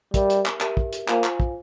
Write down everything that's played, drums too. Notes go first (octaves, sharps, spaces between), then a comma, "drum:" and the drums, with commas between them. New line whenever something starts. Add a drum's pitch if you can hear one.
G3 G4 A#4 E5, drum: kick, hi-hat
drum: hi-hat
drum: clap
G4 A#4 E5, drum: clap
drum: kick
drum: hi-hat
A#3 F4 C5 F5 G#5, drum: clap
drum: clap
drum: kick